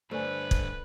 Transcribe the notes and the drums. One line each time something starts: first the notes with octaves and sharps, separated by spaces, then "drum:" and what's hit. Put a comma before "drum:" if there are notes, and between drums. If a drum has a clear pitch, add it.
G2 D3 A3 B4 C5 D5 G#5
drum: kick